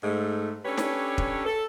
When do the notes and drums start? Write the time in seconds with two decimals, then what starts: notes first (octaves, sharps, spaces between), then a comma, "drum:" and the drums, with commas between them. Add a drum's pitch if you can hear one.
0.04 G#2 A3
0.65 C#4 D4 G4 A4 B4 C#5
0.78 drum: snare
1.18 drum: kick
1.46 A4